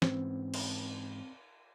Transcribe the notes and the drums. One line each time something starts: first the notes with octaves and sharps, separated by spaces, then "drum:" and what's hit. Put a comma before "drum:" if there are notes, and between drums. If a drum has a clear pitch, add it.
G#2 E3 C4 C#4, drum: snare
drum: cymbal